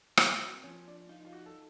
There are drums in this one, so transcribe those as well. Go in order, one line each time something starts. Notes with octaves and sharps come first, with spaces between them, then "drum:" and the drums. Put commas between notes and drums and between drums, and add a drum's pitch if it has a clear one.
A#3 E4, drum: rim click
F#4
C4
F3 C#4
D4
D#4 F4
F4
F#4
A4